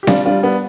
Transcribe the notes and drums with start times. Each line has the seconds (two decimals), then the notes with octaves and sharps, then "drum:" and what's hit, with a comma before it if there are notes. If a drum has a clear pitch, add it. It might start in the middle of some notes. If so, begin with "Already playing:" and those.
0.03 G4
0.07 G3 D4 F4, drum: snare C4
0.26 G3 D4 F4
0.43 B3 D4